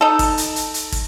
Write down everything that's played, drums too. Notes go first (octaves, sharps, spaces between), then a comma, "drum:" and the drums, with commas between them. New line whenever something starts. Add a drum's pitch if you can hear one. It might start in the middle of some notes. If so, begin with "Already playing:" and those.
D#4 A4
drum: kick, open hi-hat
drum: hi-hat
drum: hi-hat
drum: hi-hat
drum: kick, open hi-hat